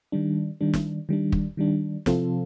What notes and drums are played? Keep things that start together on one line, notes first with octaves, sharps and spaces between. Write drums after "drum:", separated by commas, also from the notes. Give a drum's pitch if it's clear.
D#3 G3 D4
D#3 G3 D4
drum: snare
D#3 G3 D4
drum: kick
D#3 G3 D4
C3 F3 C4 F4 A4, drum: snare